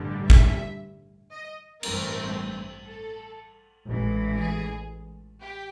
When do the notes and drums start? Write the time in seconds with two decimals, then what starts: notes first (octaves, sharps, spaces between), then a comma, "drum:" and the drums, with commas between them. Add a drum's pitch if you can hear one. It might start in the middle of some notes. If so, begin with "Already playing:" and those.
Already playing: A1 G2 D3 G3
0.30 E5, drum: kick
1.32 D#5
1.83 A1 G2 E3 A3 C4 A#4, drum: cymbal
2.86 A4
3.87 A1 G#2 E3
4.39 G#4
5.41 G4